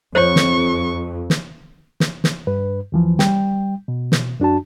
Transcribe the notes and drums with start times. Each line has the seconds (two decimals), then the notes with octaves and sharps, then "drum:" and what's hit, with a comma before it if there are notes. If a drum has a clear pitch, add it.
0.15 F2 C5 C#5 C#6
0.36 drum: snare
1.30 drum: snare
2.00 drum: snare
2.24 drum: snare
2.47 G2 B4
2.92 D#2 E3 F3
3.19 G3 G5, drum: snare
3.88 B2
4.12 drum: snare
4.40 F#2 D4 F#4 A5